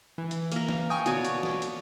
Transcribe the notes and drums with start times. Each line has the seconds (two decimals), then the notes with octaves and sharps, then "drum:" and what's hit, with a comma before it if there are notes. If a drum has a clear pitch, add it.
0.18 E3
0.31 drum: hi-hat
0.52 A#3 A#4, drum: hi-hat
0.68 drum: snare
0.90 G5 G#5 C#6 D#6
1.06 B2 F#4 C#5 D5 D#7, drum: hi-hat
1.25 drum: hi-hat
1.43 drum: snare
1.62 drum: hi-hat